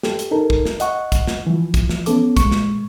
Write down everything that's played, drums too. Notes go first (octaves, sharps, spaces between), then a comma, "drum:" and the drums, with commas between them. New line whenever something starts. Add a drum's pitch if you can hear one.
G4 A4, drum: snare
drum: hi-hat
D#4 A4 A#4
drum: kick
drum: snare
D#5 F#5 C#6, drum: hi-hat
drum: kick, hi-hat
drum: snare
E3 F3
drum: kick, hi-hat
drum: snare
B3 C#4 A4 D6, drum: hi-hat
A#2 G#3 C#6, drum: kick, hi-hat
drum: snare